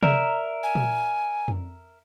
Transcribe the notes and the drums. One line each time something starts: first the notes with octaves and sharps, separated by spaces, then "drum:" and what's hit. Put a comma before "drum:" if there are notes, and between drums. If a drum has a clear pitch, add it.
A#4 D5 E5 A#5, drum: tom C3
G#5
drum: tom A#2
drum: tom F2